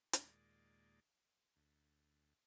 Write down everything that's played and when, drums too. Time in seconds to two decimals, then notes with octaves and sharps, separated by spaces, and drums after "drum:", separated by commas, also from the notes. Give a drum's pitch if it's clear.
0.13 D#2 A#2 G#3 D5, drum: hi-hat
1.56 D2